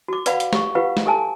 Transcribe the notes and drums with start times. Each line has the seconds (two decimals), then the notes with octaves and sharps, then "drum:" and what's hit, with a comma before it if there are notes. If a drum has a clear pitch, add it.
0.08 F#4 D6
0.26 B4 D5 F5 F#5 B5, drum: hi-hat
0.40 drum: hi-hat
0.53 G4 C#6, drum: snare
0.75 F4 G4 B4 F5 F#5
0.97 drum: snare
1.06 G4 A4 G#5 A5